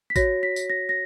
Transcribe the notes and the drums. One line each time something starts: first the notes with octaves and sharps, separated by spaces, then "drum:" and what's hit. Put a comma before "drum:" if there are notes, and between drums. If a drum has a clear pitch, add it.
B6
F#4 C#5 A#6, drum: kick, tambourine
B6
drum: tambourine
A#6
A#6